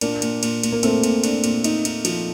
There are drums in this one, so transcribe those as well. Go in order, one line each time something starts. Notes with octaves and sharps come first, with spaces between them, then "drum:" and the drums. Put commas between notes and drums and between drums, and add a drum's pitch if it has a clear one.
A#2 A#3 D4, drum: cymbal
A#2, drum: cymbal
A#2, drum: cymbal
A#2, drum: cymbal
A#3
A#2 A3 C4, drum: cymbal
A#2, drum: cymbal
D4, drum: cymbal
A#2, drum: cymbal
D#4, drum: cymbal
D#4, drum: cymbal
F3, drum: cymbal